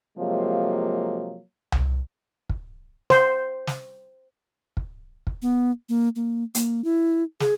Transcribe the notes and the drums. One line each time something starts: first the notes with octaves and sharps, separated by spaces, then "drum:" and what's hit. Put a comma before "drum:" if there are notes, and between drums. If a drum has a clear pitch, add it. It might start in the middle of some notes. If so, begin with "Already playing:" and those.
C3 F3 F#3 G#3 A#3
drum: tom C2
drum: kick
C5, drum: snare
drum: snare
drum: kick
drum: kick
B3
A#3
A#3
A#3, drum: hi-hat
E4
G#4, drum: snare